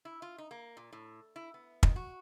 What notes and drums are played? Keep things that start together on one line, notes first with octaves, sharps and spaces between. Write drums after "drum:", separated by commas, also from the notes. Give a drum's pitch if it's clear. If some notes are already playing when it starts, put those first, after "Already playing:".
E4
F4
D#4
A#3
A#2
A2
E4
B3
D#3, drum: kick
F#4